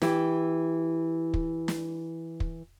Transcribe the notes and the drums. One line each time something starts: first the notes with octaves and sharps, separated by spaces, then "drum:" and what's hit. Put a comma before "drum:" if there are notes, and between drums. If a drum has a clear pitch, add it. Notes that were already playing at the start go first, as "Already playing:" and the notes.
E3 E4 G4, drum: snare
drum: kick
drum: snare
drum: kick